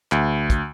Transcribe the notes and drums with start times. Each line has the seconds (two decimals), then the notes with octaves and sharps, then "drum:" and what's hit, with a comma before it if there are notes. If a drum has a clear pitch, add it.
0.12 D2, drum: clap
0.50 drum: kick, hi-hat